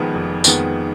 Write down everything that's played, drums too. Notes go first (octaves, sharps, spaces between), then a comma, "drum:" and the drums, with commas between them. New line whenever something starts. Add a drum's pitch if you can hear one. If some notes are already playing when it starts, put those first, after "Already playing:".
Already playing: F1 F2 D#3 G#3 B3
F1
F2 D#3 G#3 B3, drum: tambourine